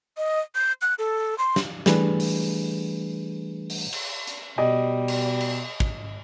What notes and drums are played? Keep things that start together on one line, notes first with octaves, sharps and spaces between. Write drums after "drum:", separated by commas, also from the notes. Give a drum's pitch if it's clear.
D#5
G6
F#6
A4
C6
drum: snare
E3 G3 A3 D4 G#4 B4, drum: snare
drum: open hi-hat
drum: open hi-hat
drum: cymbal
drum: hi-hat
B2 G3 D#5
drum: cymbal
drum: cymbal
drum: kick